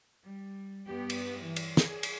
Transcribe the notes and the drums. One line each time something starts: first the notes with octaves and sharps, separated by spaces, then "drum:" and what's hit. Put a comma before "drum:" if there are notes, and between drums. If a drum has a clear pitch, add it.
G3
G2 B3 G4
drum: cymbal
E3
drum: cymbal
G#4, drum: snare
drum: cymbal